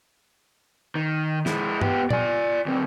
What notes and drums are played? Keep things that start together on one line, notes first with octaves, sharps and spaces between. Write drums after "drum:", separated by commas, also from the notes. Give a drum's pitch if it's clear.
D#3
G#3 E4, drum: snare
B3 G4, drum: tom G2
D5 G#5, drum: tom A#2
D2 C4